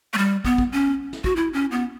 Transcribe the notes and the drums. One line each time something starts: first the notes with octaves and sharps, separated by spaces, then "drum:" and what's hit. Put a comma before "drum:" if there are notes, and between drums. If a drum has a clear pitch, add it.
A3
G3
B3, drum: kick
drum: kick
C#4
drum: snare
F#4, drum: kick
E4
C#4
B3